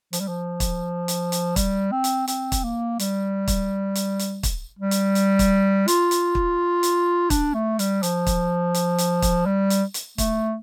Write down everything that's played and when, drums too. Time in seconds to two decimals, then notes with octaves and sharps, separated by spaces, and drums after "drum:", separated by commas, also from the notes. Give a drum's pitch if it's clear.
0.13 F3, drum: hi-hat
0.20 G3
0.28 F3
0.60 drum: kick, hi-hat
1.08 drum: hi-hat
1.32 drum: hi-hat
1.56 G3, drum: kick, hi-hat
1.92 C4
2.04 drum: hi-hat
2.28 C4, drum: hi-hat
2.52 drum: kick, hi-hat
2.64 A#3
2.99 G3, drum: hi-hat
3.48 drum: kick, hi-hat
3.95 drum: hi-hat
4.19 drum: hi-hat
4.43 drum: kick, hi-hat
4.79 G3
4.91 drum: hi-hat
5.15 drum: hi-hat
5.39 drum: kick, hi-hat
5.88 F4, drum: hi-hat
6.11 drum: hi-hat
6.35 drum: kick
6.83 drum: hi-hat
7.30 D4, drum: kick, hi-hat
7.54 A3
7.79 G3, drum: hi-hat
8.03 F3, drum: hi-hat
8.27 drum: kick, hi-hat
8.74 drum: hi-hat
8.98 drum: hi-hat
9.22 drum: kick, hi-hat
9.46 G3
9.70 drum: hi-hat
9.94 drum: hi-hat
10.18 A3, drum: kick, hi-hat